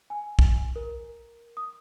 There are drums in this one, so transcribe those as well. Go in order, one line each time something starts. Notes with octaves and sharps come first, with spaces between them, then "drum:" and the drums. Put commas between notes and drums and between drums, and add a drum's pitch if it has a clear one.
G#5
drum: kick
A#4
D#6